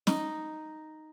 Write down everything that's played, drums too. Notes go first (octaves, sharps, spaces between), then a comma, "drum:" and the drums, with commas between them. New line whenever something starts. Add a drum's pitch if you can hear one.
D#4, drum: snare